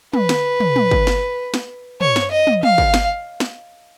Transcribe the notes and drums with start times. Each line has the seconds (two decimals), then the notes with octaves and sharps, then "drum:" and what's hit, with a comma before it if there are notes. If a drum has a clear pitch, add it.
0.14 B4, drum: tom
0.29 drum: snare
0.60 drum: tom
0.76 drum: tom
0.91 drum: kick
1.07 drum: snare
1.54 drum: snare
2.01 C#5, drum: tom
2.16 drum: snare
2.31 D#5
2.47 drum: tom
2.63 F5, drum: tom
2.78 drum: kick
2.94 drum: snare
3.40 drum: snare